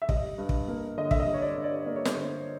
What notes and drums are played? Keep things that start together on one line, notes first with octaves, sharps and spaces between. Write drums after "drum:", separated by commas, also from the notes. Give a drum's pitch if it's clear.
E5
G3 D#5, drum: kick
G2
drum: kick
A#3
D3 D#5
E5, drum: kick
D#5
G3
C#5
D5
G2
D5
A#3 D5
C#5
C5, drum: snare
D3 C#5